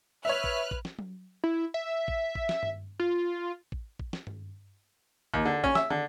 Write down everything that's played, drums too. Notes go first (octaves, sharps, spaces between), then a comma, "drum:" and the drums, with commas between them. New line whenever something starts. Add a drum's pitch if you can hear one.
B4 C#5 E5 F6 F#6
drum: kick
drum: kick
drum: snare
drum: tom F#3
E4
E5
drum: kick
drum: kick
drum: snare
drum: tom G2
F4
drum: kick
drum: kick
drum: snare
drum: tom G2
D#2, drum: kick
D3
C#4, drum: kick
E5, drum: snare
D3, drum: tom